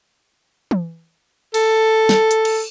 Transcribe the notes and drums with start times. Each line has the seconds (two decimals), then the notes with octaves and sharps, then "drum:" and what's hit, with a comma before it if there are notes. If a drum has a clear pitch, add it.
0.71 drum: tom E3
1.54 A4, drum: cymbal
2.09 drum: snare
2.31 drum: hi-hat
2.45 drum: cymbal